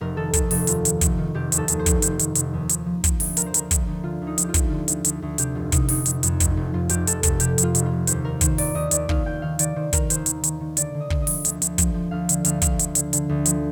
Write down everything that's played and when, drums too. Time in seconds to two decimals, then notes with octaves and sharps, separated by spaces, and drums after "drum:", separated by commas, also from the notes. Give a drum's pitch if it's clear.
0.01 F1 A#4
0.16 D#3 A4
0.33 D#2 A4, drum: kick, hi-hat
0.51 F1 A4, drum: open hi-hat
0.67 D#2 F4, drum: hi-hat
0.85 D#3, drum: hi-hat
1.01 F1, drum: kick, hi-hat
1.18 D#3
1.34 F1 G4
1.52 D#2, drum: hi-hat
1.58 A4
1.68 D#2, drum: hi-hat
1.79 C5
1.86 F1, drum: kick, hi-hat
2.02 F1 C5, drum: hi-hat
2.19 D#3, drum: hi-hat
2.35 F1, drum: hi-hat
2.53 D#2
2.69 F3, drum: hi-hat
2.86 F3
3.04 F3, drum: kick, hi-hat
3.20 D2, drum: open hi-hat
3.37 F3 A#4, drum: hi-hat
3.46 C5
3.54 D2 A#4, drum: hi-hat
3.71 D2, drum: kick, hi-hat
3.87 D2
4.04 D3 F4
4.21 D2
4.27 D#4
4.38 F3, drum: hi-hat
4.44 F4 G4
4.54 D2, drum: kick, hi-hat
4.71 D3 F4
4.88 D2, drum: hi-hat
5.05 D2, drum: hi-hat
5.22 D2
5.38 C3 G4, drum: hi-hat
5.55 F1 F4
5.72 C3 D#4, drum: kick, hi-hat
5.89 F1 D#4, drum: open hi-hat
6.06 F1, drum: hi-hat
6.23 F2, drum: hi-hat
6.40 F1, drum: kick, hi-hat
6.57 F1
6.74 F1 F4
6.89 F1 G4, drum: hi-hat
7.07 F2 A4, drum: hi-hat
7.23 F1 A4, drum: kick, hi-hat
7.40 C3 G4, drum: hi-hat
7.58 F2, drum: hi-hat
7.63 F4
7.75 F1, drum: hi-hat
7.86 F4
7.92 F1
8.07 D#2 C5, drum: hi-hat
8.24 D#3 A#4
8.41 D#3 C5, drum: kick, hi-hat
8.58 D#2 D5, drum: open hi-hat
8.75 D#2 D#5
8.91 D#2 D5, drum: hi-hat
9.09 D#2 F5, drum: kick
9.26 D#2 G5
9.42 D#3 F5
9.59 D#3 D5, drum: hi-hat
9.76 D#3 C5
9.93 D#3 A#4, drum: kick, hi-hat
10.10 D#2 C5, drum: hi-hat
10.26 D#3, drum: hi-hat
10.44 D#3, drum: hi-hat
10.60 D#3
10.77 D3 D5, drum: hi-hat
10.94 D3
11.00 D#5
11.10 D3, drum: kick
11.22 D#5
11.27 F3, drum: open hi-hat
11.45 D2, drum: hi-hat
11.62 D2, drum: hi-hat
11.78 F3, drum: kick, hi-hat
11.94 F3
12.11 D2 F5
12.29 D3, drum: hi-hat
12.45 D2 F5, drum: hi-hat
12.62 D2 F5, drum: kick, hi-hat
12.79 F3, drum: hi-hat
12.95 D3, drum: hi-hat
13.13 D3, drum: hi-hat
13.29 D2
13.46 F3, drum: hi-hat